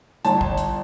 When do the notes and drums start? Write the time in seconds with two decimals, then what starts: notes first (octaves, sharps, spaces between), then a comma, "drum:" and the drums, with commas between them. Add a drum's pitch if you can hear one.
0.25 G1 A5, drum: hi-hat
0.41 drum: kick
0.58 drum: hi-hat